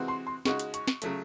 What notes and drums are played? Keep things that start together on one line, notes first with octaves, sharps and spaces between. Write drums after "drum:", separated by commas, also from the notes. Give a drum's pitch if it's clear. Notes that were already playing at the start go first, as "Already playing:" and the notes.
Already playing: C3 E3 G#3 C4 F#4
C6
C6
C#3 G#3 D#4 F#4 C#6, drum: snare
drum: hi-hat
C#6, drum: hi-hat
drum: snare
C#3 F#3 A3, drum: hi-hat